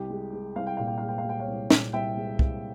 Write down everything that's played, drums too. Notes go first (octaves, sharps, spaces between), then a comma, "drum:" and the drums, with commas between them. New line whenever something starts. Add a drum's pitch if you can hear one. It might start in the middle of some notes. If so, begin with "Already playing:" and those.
Already playing: C2 G4
G#3
G#3
C2 F5
G5
A#2 F5
G5
G#3 F5
G5
F5
G#3 G5
C#5 F5
C2
A#2, drum: snare
C2 E5 G5
G#3
C2, drum: kick